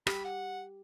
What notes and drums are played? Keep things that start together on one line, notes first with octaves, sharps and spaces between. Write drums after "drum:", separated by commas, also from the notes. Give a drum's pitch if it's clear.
G4 B5, drum: rim click
F#5